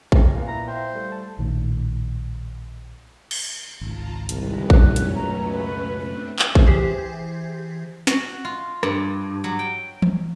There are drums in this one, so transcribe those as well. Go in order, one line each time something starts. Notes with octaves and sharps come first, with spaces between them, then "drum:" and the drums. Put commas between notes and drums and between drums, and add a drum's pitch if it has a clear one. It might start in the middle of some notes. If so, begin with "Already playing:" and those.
G4 G#5 A#5, drum: kick A1
A#2 B3 F5
E4 A#5
C5 E5 F5 G5
G3 A3
A5
A#1 A2 D#3
drum: cymbal
G#1 C#2 F4 A5 A#5
C2 D#3 G#3 B4, drum: hi-hat
F2 A#2 D#3 F#3 A3 C#4 F#6, drum: kick A1
drum: hi-hat
C#2 F#2 B2 A#5
B4
A3 C4 D4 B4
drum: clap
drum: kick A1
E3 G4 G#4 C5
F#4, drum: snare
F4
G2, drum: rim click
F#3
G5
drum: tom E3